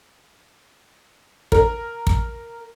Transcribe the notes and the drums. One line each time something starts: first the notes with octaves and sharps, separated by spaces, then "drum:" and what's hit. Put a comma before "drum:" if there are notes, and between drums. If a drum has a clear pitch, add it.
A#4, drum: kick
drum: kick